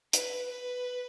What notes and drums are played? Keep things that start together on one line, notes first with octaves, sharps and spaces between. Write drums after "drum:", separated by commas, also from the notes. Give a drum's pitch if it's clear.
B4, drum: hi-hat
B4